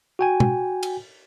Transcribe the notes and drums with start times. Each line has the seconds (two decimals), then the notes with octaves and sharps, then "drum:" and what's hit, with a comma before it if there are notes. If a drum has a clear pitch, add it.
0.19 F#4 G5 G#5
0.40 drum: tom
0.83 drum: cymbal